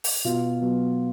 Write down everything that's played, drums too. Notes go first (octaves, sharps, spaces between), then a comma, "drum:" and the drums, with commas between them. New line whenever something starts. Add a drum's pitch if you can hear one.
drum: open hi-hat
B2 F4
F#3 B3